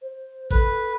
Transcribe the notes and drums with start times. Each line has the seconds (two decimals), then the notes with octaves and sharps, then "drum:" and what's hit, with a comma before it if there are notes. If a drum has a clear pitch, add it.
0.02 C5
0.51 A4 B4, drum: kick A1